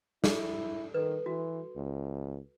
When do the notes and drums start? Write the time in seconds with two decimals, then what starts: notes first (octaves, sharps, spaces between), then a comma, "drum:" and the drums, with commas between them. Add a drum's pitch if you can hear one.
0.24 E4 A4, drum: snare
0.94 D#3 A4 B4
1.26 E3 F#4
1.76 C#2